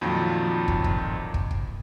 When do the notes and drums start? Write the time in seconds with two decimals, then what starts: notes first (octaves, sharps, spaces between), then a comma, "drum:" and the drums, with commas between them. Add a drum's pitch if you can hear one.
0.01 F2 A#2 D#3 F3 F#3
0.68 drum: kick
0.84 drum: kick
1.34 drum: kick
1.51 drum: kick